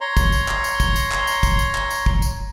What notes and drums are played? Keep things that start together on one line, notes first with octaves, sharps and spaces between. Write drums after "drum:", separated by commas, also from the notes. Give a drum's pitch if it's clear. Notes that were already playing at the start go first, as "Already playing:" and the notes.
C#5 A#5 C6
drum: kick, tambourine
drum: tambourine
drum: clap
drum: tambourine
drum: kick, tambourine
drum: tambourine
drum: clap
drum: tambourine
drum: kick, tambourine
drum: tambourine
drum: clap
drum: tambourine
drum: kick
drum: tambourine